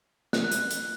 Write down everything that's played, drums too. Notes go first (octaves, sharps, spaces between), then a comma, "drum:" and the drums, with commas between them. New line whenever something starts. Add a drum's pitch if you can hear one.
F#6, drum: snare
drum: hi-hat
drum: hi-hat